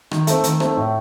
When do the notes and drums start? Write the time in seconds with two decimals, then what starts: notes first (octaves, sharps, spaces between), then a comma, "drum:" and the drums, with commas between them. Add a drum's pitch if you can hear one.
0.11 D#3, drum: rim click
0.27 A3 C4, drum: hi-hat
0.44 D#3, drum: hi-hat
0.60 A3 C4, drum: rim click
0.77 A2